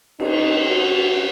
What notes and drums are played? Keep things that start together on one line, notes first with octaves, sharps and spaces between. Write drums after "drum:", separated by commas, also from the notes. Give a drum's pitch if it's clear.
D#4, drum: cymbal
F#4